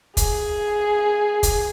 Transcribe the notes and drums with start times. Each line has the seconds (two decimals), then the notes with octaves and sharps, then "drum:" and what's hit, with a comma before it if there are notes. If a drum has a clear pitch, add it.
0.17 G#4, drum: kick, hi-hat
1.43 drum: kick, hi-hat